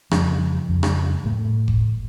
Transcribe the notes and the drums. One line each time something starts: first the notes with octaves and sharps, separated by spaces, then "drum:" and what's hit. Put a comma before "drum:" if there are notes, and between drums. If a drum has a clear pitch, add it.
F2 C#3 F3, drum: rim click
F2 C#3
drum: rim click
A2 A3
drum: kick F#1